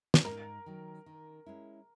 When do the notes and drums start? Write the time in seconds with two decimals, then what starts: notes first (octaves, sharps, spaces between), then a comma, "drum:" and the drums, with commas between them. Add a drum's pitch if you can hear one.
0.14 drum: snare
0.25 G#2 A#4
0.66 D#3 F#3
1.06 D#3
1.46 G#3 C#4 E4